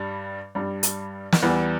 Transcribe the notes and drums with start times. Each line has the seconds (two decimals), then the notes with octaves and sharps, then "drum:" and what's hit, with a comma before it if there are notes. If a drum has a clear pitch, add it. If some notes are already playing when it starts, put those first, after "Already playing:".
Already playing: G2 G3
0.55 G2 G3
0.83 drum: hi-hat
1.32 drum: snare
1.42 E2 E3 G3